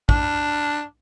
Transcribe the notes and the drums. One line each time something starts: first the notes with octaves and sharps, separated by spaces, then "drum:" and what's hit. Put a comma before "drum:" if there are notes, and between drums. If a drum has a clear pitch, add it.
D4, drum: kick